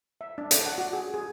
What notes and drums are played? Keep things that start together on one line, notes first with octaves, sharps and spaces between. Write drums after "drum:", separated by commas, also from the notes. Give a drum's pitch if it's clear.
E5
D4
D4, drum: hi-hat
F#5
F#4
G#4
G#4